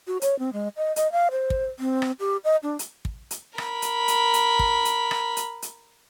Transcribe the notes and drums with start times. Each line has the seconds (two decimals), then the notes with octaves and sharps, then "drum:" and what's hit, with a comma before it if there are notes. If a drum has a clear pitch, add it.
0.07 F#4
0.22 C#5, drum: hi-hat
0.39 C4
0.53 G#3
0.77 D#5
0.96 D#5, drum: hi-hat
1.12 F5
1.31 C5
1.50 drum: kick
1.79 C4
2.02 drum: rim click
2.20 G4
2.44 D#5
2.63 D4
2.79 drum: hi-hat
3.05 drum: kick
3.31 drum: hi-hat
3.58 A#4 B5, drum: rim click
3.82 drum: hi-hat
4.08 drum: hi-hat
4.34 drum: hi-hat
4.59 drum: kick
4.85 drum: hi-hat
5.11 drum: rim click
5.37 drum: hi-hat
5.62 drum: hi-hat